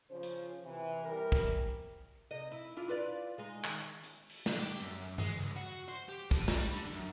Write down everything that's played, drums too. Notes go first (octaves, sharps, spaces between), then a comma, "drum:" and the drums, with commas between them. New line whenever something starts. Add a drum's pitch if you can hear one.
C#3 F3 C#4 C5
drum: hi-hat
C3 E3
C3 E3 G3 G4 A#4
drum: kick
C3 D#5
E4
D4 E4 F4
F4 B4 D5
G#3 D#4
D#3, drum: clap
drum: hi-hat
drum: open hi-hat
D3, drum: snare
G4
F#2, drum: hi-hat
G#3, drum: tom G2
C#2
F#4
C5
G4
A2, drum: kick
G3, drum: snare
drum: hi-hat
D3
F#2